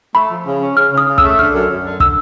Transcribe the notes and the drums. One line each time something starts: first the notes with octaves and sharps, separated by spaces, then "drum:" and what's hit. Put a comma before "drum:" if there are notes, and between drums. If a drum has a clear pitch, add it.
A3 B5
F3
C#3
C#4
C#3 F6
C#3
D#6
C#3
E6, drum: kick
A3
D3 F6
F#2
F#2
D3
D3 E6, drum: kick